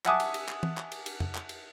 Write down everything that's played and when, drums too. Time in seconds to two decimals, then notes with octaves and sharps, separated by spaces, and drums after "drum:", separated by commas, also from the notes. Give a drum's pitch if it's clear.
0.05 E5 F#5 G#5 A5 D6 D#6, drum: clap
0.20 drum: cymbal
0.34 drum: cymbal
0.48 drum: clap
0.63 drum: tom E3
0.77 drum: clap
0.92 drum: cymbal
1.06 drum: cymbal
1.20 drum: tom F2
1.35 drum: clap
1.49 drum: cymbal